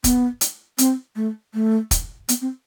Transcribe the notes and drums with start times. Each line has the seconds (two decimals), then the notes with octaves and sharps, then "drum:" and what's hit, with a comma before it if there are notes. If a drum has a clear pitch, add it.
0.04 B3, drum: kick, hi-hat
0.41 drum: hi-hat
0.78 C4, drum: hi-hat
1.16 A3
1.54 A3
1.91 drum: kick, hi-hat
2.29 B3, drum: hi-hat
2.42 C4